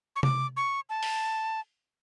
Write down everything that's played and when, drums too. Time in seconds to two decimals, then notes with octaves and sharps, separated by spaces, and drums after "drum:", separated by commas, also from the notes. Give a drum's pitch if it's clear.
0.16 C#6
0.23 D6, drum: tom C3
0.57 C#6
0.90 A5
1.03 drum: open hi-hat